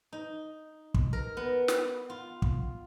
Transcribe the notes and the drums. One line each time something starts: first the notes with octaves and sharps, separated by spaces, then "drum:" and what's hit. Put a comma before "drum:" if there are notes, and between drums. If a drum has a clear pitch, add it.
D#4
drum: kick
A#4
B3
drum: snare
F4
drum: kick